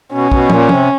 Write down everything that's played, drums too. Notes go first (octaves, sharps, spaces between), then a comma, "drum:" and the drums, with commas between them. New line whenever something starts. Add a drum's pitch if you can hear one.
B2 C#4
B2, drum: kick
A#2, drum: tom
C3, drum: tom